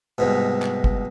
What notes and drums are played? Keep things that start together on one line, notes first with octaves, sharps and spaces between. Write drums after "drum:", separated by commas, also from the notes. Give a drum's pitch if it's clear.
C2 G#2 B2
drum: clap
drum: kick